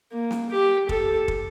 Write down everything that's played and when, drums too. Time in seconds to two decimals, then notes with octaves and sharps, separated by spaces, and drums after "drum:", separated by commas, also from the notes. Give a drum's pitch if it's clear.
0.12 A#3
0.31 drum: snare
0.50 G4
0.89 A4, drum: kick
1.28 drum: kick